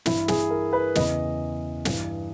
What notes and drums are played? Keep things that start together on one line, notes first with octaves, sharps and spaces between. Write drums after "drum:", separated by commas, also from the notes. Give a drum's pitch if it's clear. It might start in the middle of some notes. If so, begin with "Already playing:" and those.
G2 E3 E4, drum: snare
G#4, drum: snare
A#4
B4
E2 C#3 E3 D#5, drum: snare
G2 E3, drum: snare